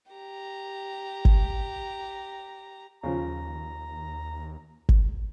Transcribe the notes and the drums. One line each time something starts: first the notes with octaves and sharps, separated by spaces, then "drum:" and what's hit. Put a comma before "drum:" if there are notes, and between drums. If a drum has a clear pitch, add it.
G4 A#5
drum: kick G1
D#2 C#3 F3 A#5
drum: kick G1